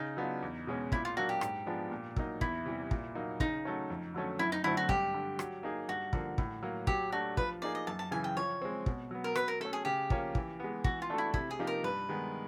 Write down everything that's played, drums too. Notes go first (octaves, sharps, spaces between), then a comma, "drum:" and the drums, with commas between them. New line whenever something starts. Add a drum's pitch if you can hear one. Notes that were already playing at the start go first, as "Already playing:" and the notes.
Already playing: C#3 D#4
F#3 B3 D4 F4
E2
B2 G#3 C#4
A#2 E4, drum: kick
F4
F#3 A#3 D4 F#4
G4
G#2, drum: rim click
F3 G#3 B3 D4
A#2
F#3 A#3 D#4, drum: kick
E2 E4, drum: kick
C3 E3 G3
A#2, drum: kick
F#3 A#3 D#4
C#3 D#4, drum: kick
F#3 A3 C#4
F2
D3 F#3 A3 C#4
F#2 E4
D#4
D3 F#3 A3 C4 E4
F#4
G2 G4, drum: kick
D3 G3
F#3, drum: rim click
A#3 D#4 G#4
G2 F#4
D3 F3 A#3, drum: kick
A2, drum: kick
F#3 A#3
F#3 G4, drum: kick
A3 D4 F#4 G4
F3 B4, drum: kick
A#3 D#4 G#4 D5
D#5
F#2 A5
A5
C#3 E3 G#5
G5
F3 C#5
G#3 C4
B2, drum: kick
F#3 B3
A#4
F#3 B4, drum: rim click
A#4
A3 C#4 A4
G#4
C#3 G4
F3 A#3 C#4, drum: kick
E3, drum: kick
G#3 B3
E3 F#4, drum: kick
F4
A3 D4 F#4 A4
E4
C3 E4, drum: kick
G#4
F3 A#3 D#4 G4
A#4
G2 B4
D#3 G#3 B3